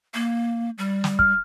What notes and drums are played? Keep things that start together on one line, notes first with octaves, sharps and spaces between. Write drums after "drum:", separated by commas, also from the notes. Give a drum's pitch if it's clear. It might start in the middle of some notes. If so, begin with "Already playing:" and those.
A#3
G3
drum: snare
F6, drum: kick